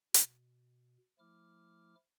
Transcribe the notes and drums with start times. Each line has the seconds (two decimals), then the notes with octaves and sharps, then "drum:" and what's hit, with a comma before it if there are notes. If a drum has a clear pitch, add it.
0.14 B2, drum: hi-hat
1.19 F3 A3 E4 D6 F6